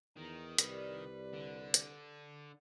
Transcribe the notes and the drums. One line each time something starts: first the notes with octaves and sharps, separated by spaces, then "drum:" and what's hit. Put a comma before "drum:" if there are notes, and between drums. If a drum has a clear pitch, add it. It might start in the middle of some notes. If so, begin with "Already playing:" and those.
E2 D#3 A#5
C2 G3 B4, drum: hi-hat
D3
drum: hi-hat